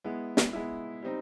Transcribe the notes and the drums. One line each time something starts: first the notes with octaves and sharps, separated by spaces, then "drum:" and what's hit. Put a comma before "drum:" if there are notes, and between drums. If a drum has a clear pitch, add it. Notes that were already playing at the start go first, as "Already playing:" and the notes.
G#3 B3 E4
drum: snare
G#3 B3 E4
G3 C4 D#4